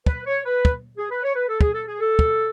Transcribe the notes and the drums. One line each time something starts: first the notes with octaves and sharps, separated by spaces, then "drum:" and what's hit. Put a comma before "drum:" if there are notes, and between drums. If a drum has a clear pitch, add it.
B4, drum: kick
C#5
B4
drum: kick
G#4
B4
C#5
B4
A4
G#4, drum: kick
A4
G#4
A4
drum: kick